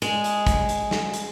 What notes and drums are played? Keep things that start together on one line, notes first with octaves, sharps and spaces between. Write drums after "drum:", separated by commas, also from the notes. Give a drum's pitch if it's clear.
G#3, drum: hi-hat
drum: hi-hat
drum: kick, hi-hat
drum: hi-hat
drum: snare
drum: hi-hat